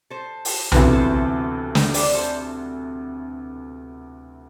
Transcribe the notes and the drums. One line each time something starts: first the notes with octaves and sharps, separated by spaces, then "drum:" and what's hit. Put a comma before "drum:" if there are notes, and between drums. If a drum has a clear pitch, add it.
A4 C5
drum: open hi-hat
D2 C3 E3 B3 A4 C5, drum: tom B1
A4 C5
drum: snare
B4 D5, drum: open hi-hat
A4 C5